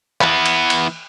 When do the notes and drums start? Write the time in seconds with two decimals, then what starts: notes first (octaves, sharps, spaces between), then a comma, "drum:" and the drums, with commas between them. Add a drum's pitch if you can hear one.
0.21 E3 B3, drum: clap
0.46 drum: cymbal
0.70 drum: cymbal